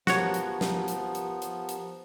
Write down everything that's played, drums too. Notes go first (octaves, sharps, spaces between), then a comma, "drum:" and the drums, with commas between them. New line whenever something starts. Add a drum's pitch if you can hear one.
F3 B3 F#4 G4 A#4 C#5 A#5, drum: snare
drum: hi-hat
drum: snare
drum: hi-hat
drum: hi-hat
drum: hi-hat
drum: hi-hat